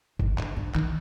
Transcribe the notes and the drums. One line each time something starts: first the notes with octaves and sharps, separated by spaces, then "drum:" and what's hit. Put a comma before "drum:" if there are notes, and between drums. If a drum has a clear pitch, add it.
G#2, drum: kick G1
G2, drum: clap
G2
D#3, drum: clap